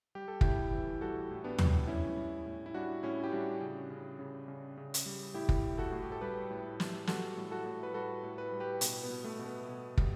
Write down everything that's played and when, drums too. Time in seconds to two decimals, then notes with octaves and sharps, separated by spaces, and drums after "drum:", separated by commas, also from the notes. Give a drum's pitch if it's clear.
0.15 G3 G4
0.28 A4
0.41 A2 E4 G4, drum: kick
0.73 E3
1.01 G3 F#4 A4
1.31 A2
1.44 B3 D4
1.59 A2, drum: tom D#2
1.87 G3 C#4 E4
2.17 G3
2.46 A2
2.66 E4
2.74 G3 D4 F#4
3.03 A2 C#4 E4
3.24 G4
3.32 G3 D4 F#4
3.61 C#3
3.90 C#3
4.19 C#3
4.48 C#3
4.77 C#3
4.94 drum: hi-hat
5.06 G3
5.34 A2 E4 G4
5.49 drum: kick
5.63 A2
5.78 F#4 A4
5.92 A2
6.02 G4
6.12 A4
6.21 G3 G4 B4
6.50 A2
6.80 G3, drum: snare
7.07 G3 F#4 A4, drum: snare
7.37 A2
7.51 F#4 A4
7.66 A2
7.83 B4
7.94 G3 F#4 A4
8.23 A2
8.38 B4
8.52 G3
8.60 G4 B4
8.81 B2, drum: hi-hat
9.03 B3
9.10 B2
9.24 A3
9.39 B2
9.46 B3
9.69 B2
9.98 G3, drum: kick